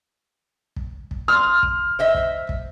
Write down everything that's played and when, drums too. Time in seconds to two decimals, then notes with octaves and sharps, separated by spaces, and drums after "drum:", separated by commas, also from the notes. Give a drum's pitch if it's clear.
0.76 drum: kick
1.11 drum: kick
1.28 C6 F6
1.63 drum: kick
1.99 C5 D#5 E5
2.14 drum: kick
2.49 drum: kick